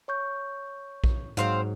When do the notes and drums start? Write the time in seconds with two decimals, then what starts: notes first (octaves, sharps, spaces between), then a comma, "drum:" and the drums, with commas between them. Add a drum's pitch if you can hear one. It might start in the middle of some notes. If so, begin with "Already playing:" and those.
0.08 C#5 C#6 G6
1.04 drum: kick A#1
1.37 G#2 F#3 C4 C5 F5